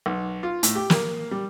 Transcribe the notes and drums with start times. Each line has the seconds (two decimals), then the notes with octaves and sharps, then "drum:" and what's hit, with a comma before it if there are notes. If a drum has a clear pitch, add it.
0.06 B1
0.43 F4
0.63 A2, drum: hi-hat
0.75 G4
0.90 A#3, drum: snare
1.31 G3